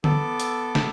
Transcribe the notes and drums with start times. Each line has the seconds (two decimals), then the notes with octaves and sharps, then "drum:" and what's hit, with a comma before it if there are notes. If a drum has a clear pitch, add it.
0.04 B3 A4 D6, drum: tom D3
0.40 drum: hi-hat
0.75 drum: snare